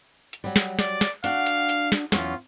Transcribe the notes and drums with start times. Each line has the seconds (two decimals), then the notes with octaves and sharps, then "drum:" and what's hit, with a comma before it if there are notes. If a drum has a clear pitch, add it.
0.33 drum: hi-hat
0.44 F#3 G3
0.56 drum: snare
0.79 D5, drum: snare
1.01 drum: snare
1.24 D4 F#4 F5 F#5, drum: hi-hat
1.46 drum: hi-hat
1.69 drum: hi-hat
1.92 drum: snare
2.12 E2 F#3 C#4 F4, drum: snare